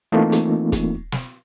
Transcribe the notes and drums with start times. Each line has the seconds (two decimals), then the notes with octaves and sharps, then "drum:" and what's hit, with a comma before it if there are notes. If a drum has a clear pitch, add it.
0.12 E3 A3 A#3 C4 D#4 F4
0.32 drum: hi-hat
0.72 drum: kick, hi-hat
1.12 drum: snare